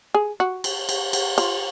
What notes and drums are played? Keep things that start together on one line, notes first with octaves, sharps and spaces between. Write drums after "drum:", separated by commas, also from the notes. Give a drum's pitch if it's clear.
G#4
F#4
drum: cymbal
drum: cymbal
drum: cymbal
F4, drum: cymbal